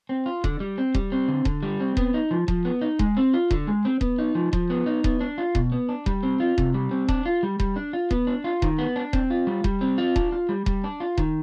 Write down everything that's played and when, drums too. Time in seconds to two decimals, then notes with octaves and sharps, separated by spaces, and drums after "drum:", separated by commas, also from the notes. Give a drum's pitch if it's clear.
0.09 C4
0.26 F4
0.44 D3, drum: kick D#1
0.60 G3
0.78 C4
0.94 G3, drum: kick D#1
1.12 C4
1.28 D3
1.45 D3, drum: kick D#1
1.63 G3
1.80 C4
1.97 B3, drum: kick D#1
2.14 D#4
2.31 F3
2.48 F3, drum: kick D#1
2.65 B3
2.81 D#4
2.99 G#3, drum: kick D#1
3.17 C4
3.33 F4
3.51 D3, drum: kick D#1
3.67 G#3
3.85 C4
4.01 B3, drum: kick D#1
4.19 D#4
4.35 F3
4.53 F3, drum: kick D#1
4.70 B3
4.86 D#4
5.04 B3, drum: kick D#1
5.21 D4
5.38 F4
5.55 B2, drum: kick D#1
5.72 B3
5.89 D4
6.06 G3, drum: kick D#1
6.23 C4
6.40 F4
6.58 C3, drum: kick D#1
6.74 G3
6.91 C4
7.08 D4, drum: kick D#1
7.26 F4
7.43 G3
7.60 G3, drum: kick D#1
7.76 D4
7.93 F4
8.11 B3, drum: kick D#1
8.27 D4
8.44 F4
8.62 D#3, drum: kick D#1
8.79 B3
8.96 D4
9.13 C4, drum: kick D#1
9.30 F4
9.47 G3
9.64 G3, drum: kick D#1
9.81 C4
9.98 F4
10.16 D4, drum: kick D#1
10.32 F4
10.49 G3
10.66 G3, drum: kick D#1
10.84 D4
11.00 F4
11.18 D#3, drum: kick D#1